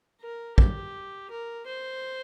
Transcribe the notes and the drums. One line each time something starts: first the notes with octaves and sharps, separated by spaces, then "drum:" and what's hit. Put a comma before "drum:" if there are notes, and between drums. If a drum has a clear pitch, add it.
A#4
G4, drum: kick
A#4
C5